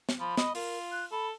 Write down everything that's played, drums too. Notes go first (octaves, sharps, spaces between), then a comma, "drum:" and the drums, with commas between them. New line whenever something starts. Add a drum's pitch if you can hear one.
drum: snare
F3 B5
D#5, drum: snare
F4 A#4, drum: open hi-hat
F#6
A4 B5